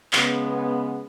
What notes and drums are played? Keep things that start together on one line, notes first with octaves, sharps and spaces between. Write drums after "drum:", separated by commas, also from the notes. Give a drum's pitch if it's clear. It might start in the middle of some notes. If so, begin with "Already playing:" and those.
C#3 G#3 B3, drum: clap